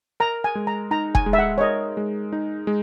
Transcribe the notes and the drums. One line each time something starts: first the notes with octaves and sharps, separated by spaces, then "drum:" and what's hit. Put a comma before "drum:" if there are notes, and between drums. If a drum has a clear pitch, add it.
A#4 A#5
G#5
G#3
A#5
D#4 A#5
G#5, drum: kick E1
G#3
E5
F#5
C#5
A#4 D#5
G#3
D#4
G#3